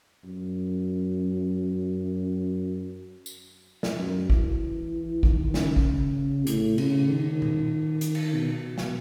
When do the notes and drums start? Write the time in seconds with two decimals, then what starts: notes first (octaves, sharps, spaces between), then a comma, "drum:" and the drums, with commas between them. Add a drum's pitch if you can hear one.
0.24 F#2
3.26 drum: tambourine
3.83 drum: snare
3.97 F#2
4.30 E3, drum: kick
5.23 D#3, drum: kick
5.54 C#3, drum: snare
5.76 drum: kick
6.47 A2, drum: hi-hat
6.78 C#3, drum: cymbal
7.09 D#3
7.42 drum: tom A#2
8.01 drum: hi-hat
8.15 drum: cymbal
8.34 B2
8.78 drum: snare